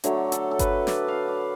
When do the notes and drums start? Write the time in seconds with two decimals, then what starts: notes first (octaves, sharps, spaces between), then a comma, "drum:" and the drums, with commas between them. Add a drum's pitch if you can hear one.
0.04 D3 F#3 A3 C#5, drum: hi-hat
0.32 A4, drum: hi-hat
0.51 A4
0.59 B4, drum: kick G1, hi-hat
0.87 D5, drum: snare
1.08 F5
1.28 D5